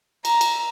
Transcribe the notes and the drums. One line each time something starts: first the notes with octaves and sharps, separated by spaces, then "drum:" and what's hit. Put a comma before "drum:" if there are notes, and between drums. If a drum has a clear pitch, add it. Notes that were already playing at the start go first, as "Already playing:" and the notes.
A#5, drum: cymbal
drum: cymbal